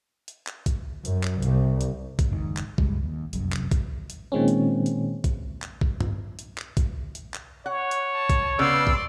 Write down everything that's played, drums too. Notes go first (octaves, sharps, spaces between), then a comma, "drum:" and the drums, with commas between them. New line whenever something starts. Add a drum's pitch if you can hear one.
drum: hi-hat
drum: clap
drum: kick, hi-hat
F#2, drum: hi-hat
drum: clap
C2, drum: hi-hat
drum: hi-hat
drum: kick, hi-hat
F#1 G#2 D#3
drum: clap
C#2 G2 G3 G#3, drum: kick
D#2
F1 C2 F#2, drum: hi-hat
drum: clap
drum: kick, hi-hat
drum: hi-hat
A#2 D#3 G#3 C4 C#4
drum: hi-hat
drum: hi-hat
drum: kick, hi-hat
drum: clap
drum: kick
drum: tom G2
drum: hi-hat
drum: clap
drum: kick, hi-hat
drum: hi-hat
drum: clap
C#5 F#5
drum: hi-hat
A5
drum: kick, hi-hat
C#3 B3 D5 C6 E6
drum: kick